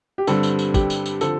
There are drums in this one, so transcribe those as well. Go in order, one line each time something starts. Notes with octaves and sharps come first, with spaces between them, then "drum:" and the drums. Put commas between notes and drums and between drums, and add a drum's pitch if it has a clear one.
G4
G2 D3 G3 C4 A4, drum: tambourine
drum: tambourine
drum: tambourine
G4, drum: kick, tambourine
drum: tambourine
drum: tambourine
D3 F3 C4 A4, drum: tambourine